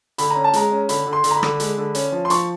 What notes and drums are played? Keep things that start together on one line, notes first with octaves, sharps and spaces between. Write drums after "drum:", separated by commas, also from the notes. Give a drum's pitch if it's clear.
D3 B5, drum: hi-hat
C#4 A#5
A5
G#3 A#5, drum: hi-hat
C#4
D3 B5, drum: hi-hat
D3
C6
D3, drum: hi-hat
A#5
B5
D3, drum: rim click
G#3, drum: hi-hat
D3
C#4, drum: hi-hat
F3
C6
F3 C#6, drum: hi-hat